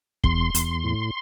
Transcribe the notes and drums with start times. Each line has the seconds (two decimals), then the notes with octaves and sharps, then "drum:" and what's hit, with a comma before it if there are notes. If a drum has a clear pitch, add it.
0.24 E2 C6, drum: kick
0.55 E2, drum: hi-hat
0.84 A2